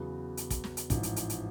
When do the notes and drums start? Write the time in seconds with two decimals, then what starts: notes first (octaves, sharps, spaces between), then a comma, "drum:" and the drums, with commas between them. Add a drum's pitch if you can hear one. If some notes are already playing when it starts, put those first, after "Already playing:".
Already playing: E2 C#3 F#3 B3
0.37 drum: hi-hat
0.51 drum: kick, hi-hat
0.64 drum: snare
0.77 drum: hi-hat
0.90 A1 G#2 F3, drum: kick, hi-hat
1.03 drum: hi-hat
1.16 drum: hi-hat
1.30 drum: hi-hat